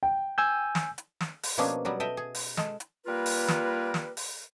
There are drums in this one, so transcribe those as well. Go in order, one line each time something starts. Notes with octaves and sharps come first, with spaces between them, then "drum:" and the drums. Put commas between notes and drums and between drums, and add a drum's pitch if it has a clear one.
G5
G#5 E6 G6
drum: snare
drum: hi-hat
drum: snare
drum: open hi-hat
B2 F3 A#3 C#4 D4 G#4
F#3 G3 B3 F#4
A4 D#5 E5 G5
G#4
drum: open hi-hat
G#3 A4, drum: snare
drum: hi-hat
G3 A#3 F4 A#4 B4
drum: open hi-hat
drum: snare
drum: snare
drum: open hi-hat